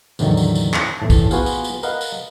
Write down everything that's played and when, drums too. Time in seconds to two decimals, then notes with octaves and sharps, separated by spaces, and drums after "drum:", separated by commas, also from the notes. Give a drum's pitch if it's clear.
0.19 E2 A2 D3 D#3 F#3, drum: tambourine
0.37 drum: tambourine
0.55 drum: tambourine
0.74 drum: clap
1.00 E2 A2 A5
1.10 drum: kick, tambourine
1.31 B3 F4 F#4 G#4 C5 F5, drum: tambourine
1.46 drum: tambourine
1.64 drum: tambourine
1.83 A#4 B4 D#5 F5 F#5, drum: tambourine
2.01 drum: tambourine